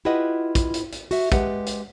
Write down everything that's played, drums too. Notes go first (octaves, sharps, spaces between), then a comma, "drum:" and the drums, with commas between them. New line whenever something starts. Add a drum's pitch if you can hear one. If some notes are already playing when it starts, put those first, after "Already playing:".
E4 F4 G4 B4 D#5 F#5
drum: kick, hi-hat
drum: hi-hat
drum: hi-hat
F#4 E5, drum: open hi-hat
G#3 G4 B4 F#5, drum: kick, hi-hat
drum: hi-hat